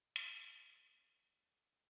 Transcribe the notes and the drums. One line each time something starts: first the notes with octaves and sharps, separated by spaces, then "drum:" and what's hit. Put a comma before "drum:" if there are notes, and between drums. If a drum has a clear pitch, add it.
F#3 D5, drum: hi-hat
B4
A3 C#5
C#4
D3